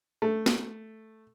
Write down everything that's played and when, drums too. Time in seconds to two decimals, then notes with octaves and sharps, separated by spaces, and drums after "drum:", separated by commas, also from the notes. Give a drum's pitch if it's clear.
0.22 A3
0.46 drum: snare